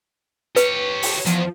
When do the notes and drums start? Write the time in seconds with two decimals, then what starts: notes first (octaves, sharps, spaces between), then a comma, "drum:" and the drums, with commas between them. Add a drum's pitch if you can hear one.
0.56 G4 B4 C#5, drum: hi-hat
1.02 drum: open hi-hat
1.26 E2 F3, drum: hi-hat